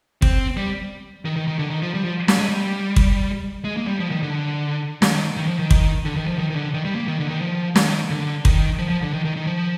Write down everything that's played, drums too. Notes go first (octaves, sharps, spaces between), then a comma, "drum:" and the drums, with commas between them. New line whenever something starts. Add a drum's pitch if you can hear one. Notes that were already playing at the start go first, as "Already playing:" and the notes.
C4, drum: kick
G3
D#3
D#3
D#3
D3
D#3
F3
G3
F3
G3, drum: snare
G#3
G3
drum: kick
G#3
A#3
G3
F3
D#3
D3
D#3, drum: snare
D#3
F3
D#3
drum: kick
D3
D#3
F3
D#3
D#3
D3
D#3
G3
A#3
D#3
D3
D#3
F3
D#3, drum: snare
D3
D#3, drum: kick
F3
F3
D3
D#3
D#3
D#3
F3